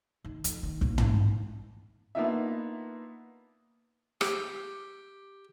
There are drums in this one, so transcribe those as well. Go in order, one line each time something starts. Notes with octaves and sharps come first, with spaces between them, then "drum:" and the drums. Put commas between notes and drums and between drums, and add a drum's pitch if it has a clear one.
D#3
F2, drum: hi-hat
D#3
A#1, drum: kick
D2, drum: tom
A#3 B3 D4 D#4 F4 E5
G4, drum: rim click